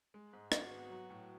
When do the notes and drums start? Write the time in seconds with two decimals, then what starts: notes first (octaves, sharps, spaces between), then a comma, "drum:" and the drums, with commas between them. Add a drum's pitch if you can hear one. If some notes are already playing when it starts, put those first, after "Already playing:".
0.14 G#3
0.33 G#2
0.52 G#1 F#4, drum: rim click
0.71 B3
0.90 F#3
1.10 A2